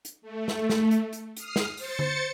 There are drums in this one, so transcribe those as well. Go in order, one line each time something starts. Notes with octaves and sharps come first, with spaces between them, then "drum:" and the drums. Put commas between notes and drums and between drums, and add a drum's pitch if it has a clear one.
drum: hi-hat
A3
drum: snare
drum: snare
drum: hi-hat
drum: hi-hat
D#6 F6 C7, drum: hi-hat
drum: snare
C5 A6 C#7, drum: open hi-hat
drum: tom D3